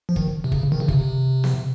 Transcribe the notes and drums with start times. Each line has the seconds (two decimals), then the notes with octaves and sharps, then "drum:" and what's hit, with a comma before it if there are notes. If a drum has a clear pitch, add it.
0.09 F3
0.16 D#3, drum: kick
0.44 C3
0.52 C#3, drum: kick
0.72 D#3
0.80 C#3
0.88 C3, drum: kick
1.44 drum: snare